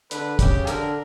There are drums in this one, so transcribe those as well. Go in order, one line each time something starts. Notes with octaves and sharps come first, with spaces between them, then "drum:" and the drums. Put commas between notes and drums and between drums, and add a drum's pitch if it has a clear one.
D3 B4, drum: hi-hat
C#3 G4, drum: kick, hi-hat
D3 A#4, drum: hi-hat